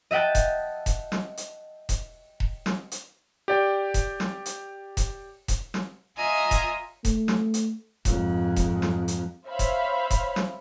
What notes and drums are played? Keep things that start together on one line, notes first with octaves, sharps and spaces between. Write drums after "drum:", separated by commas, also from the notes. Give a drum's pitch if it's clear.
D#5 E5 F#5 G5 A5
drum: kick E1, hi-hat
drum: kick E1, hi-hat
drum: snare
drum: hi-hat
drum: kick E1, hi-hat
drum: kick E1
drum: snare
drum: hi-hat
G4 D5 G5
drum: kick E1, hi-hat
drum: snare
drum: hi-hat
drum: kick E1, hi-hat
drum: kick E1, hi-hat
drum: snare
F4 D#5 E5 G#5 A#5
drum: kick E1, hi-hat
A3, drum: kick E1, hi-hat
drum: snare
drum: hi-hat
F2 G#2, drum: kick E1, hi-hat
drum: kick E1, hi-hat
drum: snare
drum: hi-hat
C5 C#5 E5 F5 B5
drum: kick E1, hi-hat
drum: kick E1, hi-hat
drum: snare